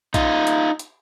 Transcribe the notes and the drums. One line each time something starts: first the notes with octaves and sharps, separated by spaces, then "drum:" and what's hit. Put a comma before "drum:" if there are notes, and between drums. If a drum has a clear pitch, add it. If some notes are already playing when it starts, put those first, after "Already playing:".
D#4 F4, drum: kick, hi-hat
drum: hi-hat
drum: hi-hat